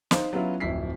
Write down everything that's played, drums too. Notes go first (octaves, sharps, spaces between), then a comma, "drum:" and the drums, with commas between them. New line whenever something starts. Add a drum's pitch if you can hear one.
D#4 C5 F5, drum: snare
F#3 B3 C#4 E4 F4
D1 F2 E4 B6 C7